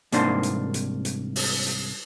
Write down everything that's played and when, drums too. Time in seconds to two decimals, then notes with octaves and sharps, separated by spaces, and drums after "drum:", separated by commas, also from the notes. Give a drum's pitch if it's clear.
0.12 C2 G#2 A#3 D4 C5, drum: hi-hat
0.43 drum: hi-hat
0.74 drum: hi-hat
1.05 drum: hi-hat
1.36 drum: open hi-hat
1.66 drum: hi-hat